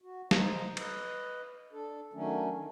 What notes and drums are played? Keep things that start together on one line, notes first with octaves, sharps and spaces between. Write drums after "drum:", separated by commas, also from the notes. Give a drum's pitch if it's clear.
F#4
D#4 C5 D#5, drum: snare
B4 D#5, drum: cymbal
D4 A4
D#3 F#3 A3 C#4 D4
D#3